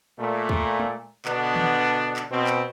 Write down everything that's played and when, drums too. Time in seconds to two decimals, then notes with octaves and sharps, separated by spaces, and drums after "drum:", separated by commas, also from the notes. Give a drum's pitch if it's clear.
0.19 A#2 A3
0.49 drum: kick
0.80 drum: tom G#3
1.25 B2 D3 B3 D4, drum: clap
1.56 drum: tom D#3
2.16 drum: clap
2.31 B2 C4
2.47 drum: clap